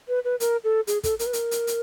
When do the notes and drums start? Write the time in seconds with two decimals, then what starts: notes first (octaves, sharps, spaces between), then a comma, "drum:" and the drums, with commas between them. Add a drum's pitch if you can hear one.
0.08 B4
0.24 B4
0.40 A#4, drum: hi-hat
0.64 A4
0.87 G#4, drum: hi-hat
1.03 A4, drum: kick, hi-hat
1.19 A#4, drum: hi-hat
1.26 B4
1.33 A#4, drum: hi-hat
1.51 drum: hi-hat
1.67 drum: hi-hat